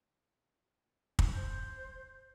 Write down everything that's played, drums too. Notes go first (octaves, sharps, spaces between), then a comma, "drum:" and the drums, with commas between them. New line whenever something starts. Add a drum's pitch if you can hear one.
drum: kick
C5 G6